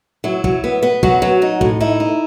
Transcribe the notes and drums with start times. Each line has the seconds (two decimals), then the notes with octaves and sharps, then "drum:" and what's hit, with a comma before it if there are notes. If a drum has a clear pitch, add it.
0.24 F#3 E4
0.44 F#3, drum: kick
0.64 B3
0.83 B3
1.03 F#3 F#4, drum: kick
1.22 F#3
1.42 D#4
1.61 A2, drum: kick
1.80 D#4 E4
2.00 D#4